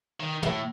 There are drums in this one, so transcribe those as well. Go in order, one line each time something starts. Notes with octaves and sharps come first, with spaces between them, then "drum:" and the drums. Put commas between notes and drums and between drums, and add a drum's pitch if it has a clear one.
D#3
A2, drum: tom